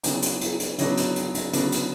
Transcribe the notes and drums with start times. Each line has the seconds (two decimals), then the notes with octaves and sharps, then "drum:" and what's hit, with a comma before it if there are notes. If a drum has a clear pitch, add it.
0.03 C#3 F#3 B3 D4, drum: hi-hat
0.22 drum: hi-hat
0.41 drum: hi-hat
0.60 drum: hi-hat
0.78 C#3 F#3 B3 D4, drum: hi-hat
0.97 drum: hi-hat
1.16 drum: hi-hat
1.34 drum: hi-hat
1.53 C#3 F#3 B3 D4, drum: hi-hat
1.72 drum: hi-hat